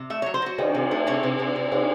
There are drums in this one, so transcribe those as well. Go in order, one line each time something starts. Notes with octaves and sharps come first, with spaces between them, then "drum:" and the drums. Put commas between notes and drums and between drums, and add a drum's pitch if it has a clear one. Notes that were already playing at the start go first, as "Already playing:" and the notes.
Already playing: C3
A3 E5
C#5
F#3
C5
F#3 F#4
D#3, drum: cymbal
C3
A3
C3 C#5
C3
C3
C3
C3, drum: cymbal